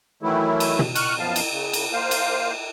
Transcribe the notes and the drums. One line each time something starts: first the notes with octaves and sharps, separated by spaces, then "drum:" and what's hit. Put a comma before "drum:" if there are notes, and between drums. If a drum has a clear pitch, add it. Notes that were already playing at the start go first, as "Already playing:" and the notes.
D#3 E3 F#3 A3 E4
drum: cymbal
drum: tom
C#6 F6 F#6, drum: cymbal
F#2 F3 B3 F5 A5
drum: cymbal
C#3
drum: cymbal
A#3 C5 F5
drum: cymbal